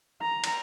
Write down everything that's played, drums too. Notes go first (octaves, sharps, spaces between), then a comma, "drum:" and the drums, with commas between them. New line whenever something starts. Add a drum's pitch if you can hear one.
A#5
drum: cymbal